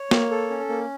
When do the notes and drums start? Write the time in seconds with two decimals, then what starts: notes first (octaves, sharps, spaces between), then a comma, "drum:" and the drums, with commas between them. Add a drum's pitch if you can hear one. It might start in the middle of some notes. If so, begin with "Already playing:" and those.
Already playing: C#5
0.11 A#3, drum: snare A#3
0.31 A4
0.50 C#4
0.69 A#3